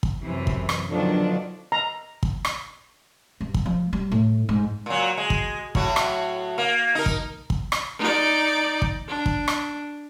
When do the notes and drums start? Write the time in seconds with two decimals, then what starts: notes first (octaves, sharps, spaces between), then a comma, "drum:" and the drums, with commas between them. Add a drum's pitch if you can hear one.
0.03 drum: kick
0.23 F#2 C3 E3
0.47 drum: kick
0.69 drum: rim click
0.91 B2 D3 D#3 F3 F#3 D4
1.72 A#5
2.23 drum: kick
2.45 drum: rim click
3.41 G2
3.54 drum: kick
3.66 F3
3.93 G3
4.11 A2
4.49 G#2
4.86 A#2 F#3
5.17 G#3
5.30 drum: kick
5.75 A2 F#3 F#4, drum: kick
5.96 drum: rim click
6.58 A#3
6.95 D#4 A#4
7.06 drum: kick
7.50 drum: kick
7.72 drum: rim click
7.99 D#4 D5
8.82 drum: kick
9.08 D4
9.26 drum: kick
9.48 drum: rim click